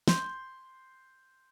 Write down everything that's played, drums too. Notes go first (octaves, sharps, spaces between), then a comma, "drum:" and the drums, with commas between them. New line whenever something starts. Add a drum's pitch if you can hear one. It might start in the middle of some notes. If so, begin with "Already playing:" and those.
C6 G6, drum: snare